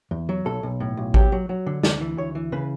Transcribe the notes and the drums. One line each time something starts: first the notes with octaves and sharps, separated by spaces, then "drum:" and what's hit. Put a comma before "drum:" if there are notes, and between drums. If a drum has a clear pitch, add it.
E2
F#3
B1 A4
B1
A2
B1
F#3 G4, drum: kick A1
F#3
F#3
D3
D2 D5, drum: snare
E3
D2 C#5
E3
C#3 B4